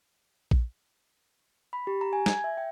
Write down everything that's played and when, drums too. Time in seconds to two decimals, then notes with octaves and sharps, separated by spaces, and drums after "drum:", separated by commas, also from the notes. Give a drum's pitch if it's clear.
0.51 drum: kick A#1
1.73 B5
1.87 G4
2.01 A#5
2.13 G#5
2.26 G#6, drum: snare
2.44 E5
2.57 G5